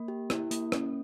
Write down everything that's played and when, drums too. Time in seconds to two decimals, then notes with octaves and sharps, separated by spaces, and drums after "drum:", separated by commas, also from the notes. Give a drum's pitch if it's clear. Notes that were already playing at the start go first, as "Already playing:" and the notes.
Already playing: A#3
0.08 G4
0.30 E4, drum: rim click
0.51 A#3, drum: hi-hat
0.72 C#4, drum: rim click